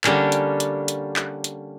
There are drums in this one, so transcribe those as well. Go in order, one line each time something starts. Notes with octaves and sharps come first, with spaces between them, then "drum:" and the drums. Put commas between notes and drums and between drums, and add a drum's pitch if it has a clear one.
D3 G3 A#3 C#4 D4, drum: clap
drum: hi-hat
drum: hi-hat
drum: hi-hat
drum: clap
drum: hi-hat